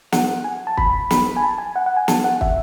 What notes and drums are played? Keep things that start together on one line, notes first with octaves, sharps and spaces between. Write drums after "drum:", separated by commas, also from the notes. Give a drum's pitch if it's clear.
F#5, drum: snare
G#5
A5
B5, drum: kick
B5, drum: snare
G#5
A5
G#5
F#5
F#5
G#5
A5, drum: snare
F#5
E5, drum: kick